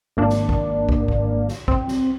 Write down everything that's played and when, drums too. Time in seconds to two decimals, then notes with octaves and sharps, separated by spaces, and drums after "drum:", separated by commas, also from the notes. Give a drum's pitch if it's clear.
0.17 G#1 A#3 D4
0.29 drum: snare
0.49 drum: kick
0.89 drum: kick
1.08 drum: kick
1.48 drum: snare
1.68 C4, drum: kick
1.88 drum: snare